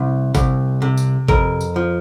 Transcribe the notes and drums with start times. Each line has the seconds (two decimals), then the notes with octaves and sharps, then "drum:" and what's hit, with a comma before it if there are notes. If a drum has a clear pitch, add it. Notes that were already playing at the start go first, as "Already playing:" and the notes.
Already playing: C2
0.35 C2, drum: kick G#1, tambourine
0.82 C3
0.97 drum: tambourine
1.28 F2 A#4, drum: kick G#1
1.61 drum: tambourine
1.76 F3